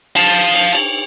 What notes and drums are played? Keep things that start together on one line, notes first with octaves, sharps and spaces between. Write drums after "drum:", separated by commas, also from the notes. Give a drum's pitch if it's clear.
F5 A5, drum: cymbal
drum: cymbal
drum: cymbal